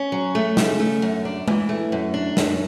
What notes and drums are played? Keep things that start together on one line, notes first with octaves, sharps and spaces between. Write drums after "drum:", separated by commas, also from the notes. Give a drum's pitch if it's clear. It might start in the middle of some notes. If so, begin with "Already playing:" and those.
Already playing: C#4
F#3
A3
C#3, drum: snare
A3
F#2
D4
E3, drum: tom G#3
A3
F#2
D4
F#2, drum: snare